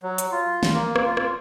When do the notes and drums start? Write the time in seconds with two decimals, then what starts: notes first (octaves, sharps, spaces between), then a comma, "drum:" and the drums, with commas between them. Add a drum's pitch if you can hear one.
0.03 F#3
0.18 drum: hi-hat
0.31 F4
0.63 drum: snare
0.74 A#3
0.96 drum: rim click
1.06 F4
1.17 drum: rim click